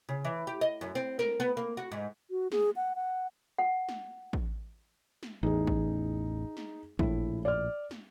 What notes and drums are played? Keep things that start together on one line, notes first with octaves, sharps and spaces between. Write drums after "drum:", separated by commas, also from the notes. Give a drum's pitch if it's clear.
C#3
E3
G4
D#5
F#2
C4
A#4, drum: snare
B3
A#3
F#4
G#2
F#4
G#4, drum: snare
F#5
F#5
F#5
drum: snare
drum: kick A1
drum: snare
A1 E2 D#4 G#4
drum: kick A1
drum: snare
A#1 A2 E4, drum: kick A1
D5 F6
drum: snare